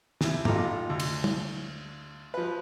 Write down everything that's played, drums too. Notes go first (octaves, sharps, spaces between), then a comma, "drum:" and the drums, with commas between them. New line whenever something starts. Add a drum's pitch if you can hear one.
D#2 E4, drum: snare
A1 D#4 F4 A4 A#5 D6, drum: tom
D2
drum: cymbal
drum: tom
F3 B4